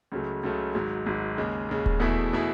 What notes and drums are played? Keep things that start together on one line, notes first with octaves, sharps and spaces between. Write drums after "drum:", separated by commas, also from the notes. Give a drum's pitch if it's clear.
C#2 C#3 F#3 A3
C#2 C#3 F#3 A3
G#1 G#2 F#3
G#1 G#2 F#3
D#2 C#3 G#3
D#2 C#3 G#3
drum: kick D#1
E2 B2 A3 E4 G#4
B2 A3 E4 G#4